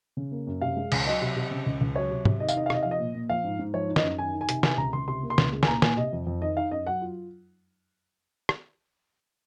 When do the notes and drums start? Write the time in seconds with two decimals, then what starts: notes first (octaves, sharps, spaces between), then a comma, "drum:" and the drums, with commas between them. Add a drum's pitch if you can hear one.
0.17 C#3
0.32 A#3
0.47 F#2
0.61 C3 F5
0.77 G#3
0.92 C#2, drum: cymbal
1.07 F#3 D#5
1.22 C3
1.36 C3
1.51 C#3
1.66 C#2
1.81 C#2
1.96 F#3 C#5
2.11 C3
2.25 C3, drum: tom
2.40 D#3 D#5
2.49 F5, drum: tambourine
2.55 D#4 D#5
2.66 F5
2.70 C3 D#5, drum: rim click
2.83 F3 F5
2.91 D#5
3.00 A#2
3.15 A#2
3.29 F3 F5
3.44 G#2
3.59 G#2
3.74 F3 C#5
3.89 D#4
3.96 D#5, drum: snare
4.04 F#2
4.18 D#3 G#5
4.34 D#4
4.41 G#5
4.49 C3, drum: hi-hat
4.63 C3 G#5, drum: snare
4.78 C#2 A#5
4.93 C#2 C6
5.08 C3 C6
5.23 A#3
5.30 C6
5.38 C#2, drum: snare
5.53 G#3
5.63 G#5, drum: snare
5.68 A#2 A#5
5.82 A#2 G#5, drum: snare
5.97 C3 D#5
6.13 F2
6.27 F2
6.42 D#3 D#5
6.57 D#4 F5
6.71 F#2 D#5
6.86 F#3 F#5
7.01 F4
8.49 drum: rim click